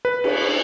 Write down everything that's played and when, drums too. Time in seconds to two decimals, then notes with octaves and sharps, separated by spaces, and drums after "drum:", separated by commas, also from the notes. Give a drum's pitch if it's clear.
0.05 B4
0.24 drum: cymbal